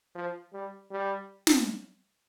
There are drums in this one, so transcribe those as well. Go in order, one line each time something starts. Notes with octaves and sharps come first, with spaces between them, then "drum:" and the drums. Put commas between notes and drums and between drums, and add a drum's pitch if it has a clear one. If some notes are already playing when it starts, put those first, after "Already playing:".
F3
G3
G3
drum: snare